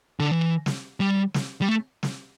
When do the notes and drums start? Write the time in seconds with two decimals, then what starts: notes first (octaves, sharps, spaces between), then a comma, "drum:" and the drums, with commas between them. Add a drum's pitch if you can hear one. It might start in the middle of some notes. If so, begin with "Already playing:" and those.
0.20 D3
0.31 E3
0.66 drum: snare
1.00 G3
1.34 drum: snare
1.61 G3
1.69 A3
2.03 drum: snare